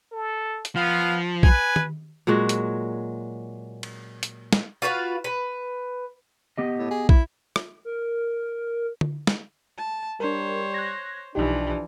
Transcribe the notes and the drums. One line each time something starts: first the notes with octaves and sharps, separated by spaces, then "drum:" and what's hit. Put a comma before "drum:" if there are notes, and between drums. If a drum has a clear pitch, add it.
A4
drum: hi-hat
F3 B3 F5
B4 G#5, drum: kick A#1
drum: tom D#3
A#2 F#3 G#3 F#4
drum: hi-hat
drum: cymbal
drum: hi-hat
drum: snare
F4 F#4 B4 F5
B4
B3 G4 D#5
A2
G#4
E4, drum: kick A#1
drum: rim click
A#4
drum: tom D3
drum: snare
A5
G3 D4 A#4 C5 C#5
F#6 G#6 A#6
B1 E3 F3 D4 D#4 G4